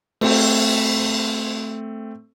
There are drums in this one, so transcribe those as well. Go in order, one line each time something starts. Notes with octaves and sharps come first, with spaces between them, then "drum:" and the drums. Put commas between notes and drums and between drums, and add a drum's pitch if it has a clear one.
A3 C4, drum: cymbal